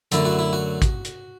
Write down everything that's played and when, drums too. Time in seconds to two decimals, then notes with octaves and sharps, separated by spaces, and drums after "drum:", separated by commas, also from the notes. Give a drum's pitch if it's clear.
0.12 F#2 D3 F#3 A3 E4 A4, drum: hi-hat
0.25 F#4
0.39 E4
0.53 F#4
0.82 drum: kick, hi-hat
1.05 drum: hi-hat